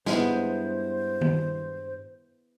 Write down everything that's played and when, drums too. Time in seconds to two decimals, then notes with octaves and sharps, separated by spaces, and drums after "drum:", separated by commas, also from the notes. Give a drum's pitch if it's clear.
0.06 G2 G#3 B3 E4 C5, drum: snare
1.21 drum: tom D#3